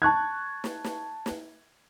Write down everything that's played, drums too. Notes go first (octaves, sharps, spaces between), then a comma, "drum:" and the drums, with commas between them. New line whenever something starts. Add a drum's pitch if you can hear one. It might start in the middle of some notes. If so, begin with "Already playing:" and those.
A5 C#6 F#6 G#6
drum: snare
drum: snare
drum: snare